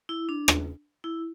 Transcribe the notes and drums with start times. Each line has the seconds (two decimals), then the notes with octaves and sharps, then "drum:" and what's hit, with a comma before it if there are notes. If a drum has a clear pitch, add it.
0.09 E4
0.29 D4
0.48 drum: rim click
1.04 E4